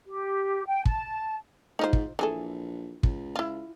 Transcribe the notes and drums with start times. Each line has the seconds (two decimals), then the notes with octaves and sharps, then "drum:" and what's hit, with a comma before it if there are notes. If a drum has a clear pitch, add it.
0.06 G4
0.66 G5
0.85 A5, drum: kick
1.79 G#2 D#4 F4 C5
1.93 drum: kick
2.19 A#1 E3 G#4 A4
3.03 C#2, drum: kick
3.36 E4 F4